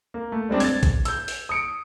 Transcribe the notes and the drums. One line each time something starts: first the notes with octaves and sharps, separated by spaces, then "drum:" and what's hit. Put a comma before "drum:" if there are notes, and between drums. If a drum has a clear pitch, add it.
A#3
A3
G3 G#3 C4 D4
G#6 A6, drum: open hi-hat
drum: kick A1, hi-hat
E6 G6, drum: hi-hat
drum: open hi-hat
D#6 C#7 D7